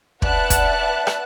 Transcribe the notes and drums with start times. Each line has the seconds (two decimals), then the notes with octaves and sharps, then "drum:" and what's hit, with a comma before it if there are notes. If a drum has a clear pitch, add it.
0.22 B4 D5 E5 F#5 A5 F#6, drum: kick
0.50 drum: kick, hi-hat
1.07 drum: rim click